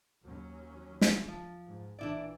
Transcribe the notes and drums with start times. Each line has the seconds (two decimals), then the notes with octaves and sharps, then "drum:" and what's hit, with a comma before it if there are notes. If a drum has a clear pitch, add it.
0.23 D#2 F#3 C#4
1.01 drum: snare
1.28 F3
1.65 G#2
1.99 A1 A#2 E3 D4 E4 D5